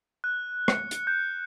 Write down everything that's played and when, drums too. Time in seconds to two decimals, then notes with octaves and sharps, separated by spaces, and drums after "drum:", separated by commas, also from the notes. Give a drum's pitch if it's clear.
0.24 F#6
0.68 C#7, drum: rim click
0.91 drum: hi-hat
1.07 G6